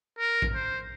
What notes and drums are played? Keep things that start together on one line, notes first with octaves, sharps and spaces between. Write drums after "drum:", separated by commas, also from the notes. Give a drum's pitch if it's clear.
A#4
drum: kick A#1
C5